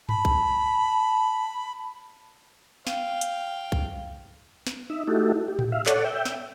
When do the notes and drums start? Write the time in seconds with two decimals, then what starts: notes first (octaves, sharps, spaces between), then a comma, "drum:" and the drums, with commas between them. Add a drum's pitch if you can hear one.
0.09 A5 B5, drum: tom G2
0.25 drum: kick
2.87 F5 G5, drum: snare
3.21 drum: hi-hat
3.72 drum: kick
4.67 drum: snare
4.90 D#4 E5
5.08 A3 D#4 E4 F#4 G4 A4
5.48 G4
5.59 drum: tom A2
5.72 E5 F5
5.86 A4 C#5 D5 F#5, drum: clap
6.05 E5 G5
6.25 drum: snare